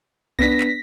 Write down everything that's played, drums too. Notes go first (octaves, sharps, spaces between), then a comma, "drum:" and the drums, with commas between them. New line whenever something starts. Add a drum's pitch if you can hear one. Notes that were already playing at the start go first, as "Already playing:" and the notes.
B3 D4 A#6 B6, drum: kick C2
drum: clap